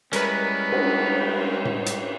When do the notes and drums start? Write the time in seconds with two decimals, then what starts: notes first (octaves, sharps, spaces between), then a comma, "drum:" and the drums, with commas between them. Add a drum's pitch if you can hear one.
0.13 G3 G#3 B3 C#4 E4 A#4 B4, drum: hi-hat
0.72 drum: cymbal
1.65 drum: tom A2
1.86 drum: hi-hat